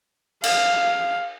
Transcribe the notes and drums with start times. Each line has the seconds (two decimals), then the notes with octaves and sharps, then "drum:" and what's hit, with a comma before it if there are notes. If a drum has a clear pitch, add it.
0.44 F5, drum: cymbal